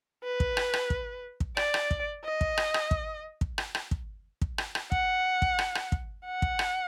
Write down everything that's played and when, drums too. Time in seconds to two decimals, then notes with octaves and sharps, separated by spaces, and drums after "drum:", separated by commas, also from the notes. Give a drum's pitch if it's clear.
0.24 B4
0.40 drum: kick
0.57 drum: rim click
0.73 drum: rim click
0.90 drum: kick
1.40 drum: kick
1.57 D5, drum: rim click
1.74 drum: rim click
1.91 drum: kick
2.24 D#5
2.41 drum: kick
2.57 drum: rim click
2.74 drum: rim click
2.91 drum: kick
3.41 drum: kick
3.58 drum: rim click
3.75 drum: rim click
3.91 drum: kick
4.41 drum: kick
4.58 drum: rim click
4.75 drum: rim click
4.92 F#5, drum: kick
5.42 drum: kick
5.59 drum: rim click
5.75 drum: rim click
5.92 drum: kick
6.26 F#5
6.42 drum: kick
6.59 drum: rim click